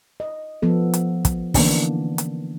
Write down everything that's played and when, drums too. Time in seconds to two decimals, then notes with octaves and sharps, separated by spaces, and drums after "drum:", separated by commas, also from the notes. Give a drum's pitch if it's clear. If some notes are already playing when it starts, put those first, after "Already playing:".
0.20 D#5
0.62 F3 B3 A4
0.94 drum: hi-hat
1.25 drum: kick, hi-hat
1.54 D3 E3 A#3 B3 C#4 D4, drum: kick, open hi-hat
2.18 drum: hi-hat